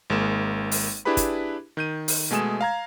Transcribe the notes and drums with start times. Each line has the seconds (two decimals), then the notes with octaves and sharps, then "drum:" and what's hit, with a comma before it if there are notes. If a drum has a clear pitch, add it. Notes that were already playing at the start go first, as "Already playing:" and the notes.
0.10 G#1 G#3 A#3 E7
0.71 drum: open hi-hat
1.05 D4 E4 G4 G#4 B4 B5
1.17 drum: kick, hi-hat
1.77 D#3 G6 D#7
2.08 drum: open hi-hat
2.31 B2 G#3 A3 G#5 D#6 E7
2.61 F5 A#5 G#6